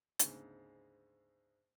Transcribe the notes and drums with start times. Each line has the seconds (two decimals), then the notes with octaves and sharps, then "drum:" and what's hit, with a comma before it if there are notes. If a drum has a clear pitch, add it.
0.19 D2 G#2 C#3 G#3 B3, drum: hi-hat